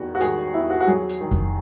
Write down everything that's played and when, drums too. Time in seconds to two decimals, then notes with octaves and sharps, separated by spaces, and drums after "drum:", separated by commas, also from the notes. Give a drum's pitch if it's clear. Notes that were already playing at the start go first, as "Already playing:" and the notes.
Already playing: E2 D#3 F#4
0.15 F#4
0.20 D#3 G#4, drum: hi-hat
0.54 E2 E4
0.70 F#4
0.80 F#4
0.87 F#3 G#4
1.09 drum: hi-hat
1.21 D#3
1.31 drum: kick F2